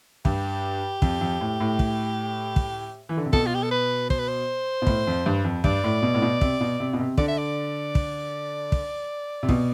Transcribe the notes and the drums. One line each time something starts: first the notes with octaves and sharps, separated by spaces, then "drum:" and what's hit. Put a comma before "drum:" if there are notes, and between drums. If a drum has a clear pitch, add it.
G2 G4, drum: kick
F2, drum: kick
F2
A2
A2
drum: kick
drum: kick
E3
D3
C3
B2 A4, drum: kick
F4
G4
A4
B4
C5, drum: kick
B4
C5
B2
A2, drum: kick
F2
G2
F2
G2 D5, drum: kick
A2
B2
A2
B2
C3, drum: kick
B2
C3
B2
C3
D3 D5, drum: kick
E5
D5
drum: kick
drum: kick
C3
B2, drum: kick